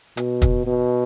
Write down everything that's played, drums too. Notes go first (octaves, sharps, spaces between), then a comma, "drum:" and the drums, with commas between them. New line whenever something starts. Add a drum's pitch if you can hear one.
B2, drum: hi-hat
drum: kick, hi-hat
B2